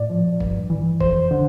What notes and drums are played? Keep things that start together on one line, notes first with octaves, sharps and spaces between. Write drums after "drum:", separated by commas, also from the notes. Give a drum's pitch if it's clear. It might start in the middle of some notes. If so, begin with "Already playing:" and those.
Already playing: A2 D5
F3
G2, drum: kick
E3
F2 C5, drum: kick
D3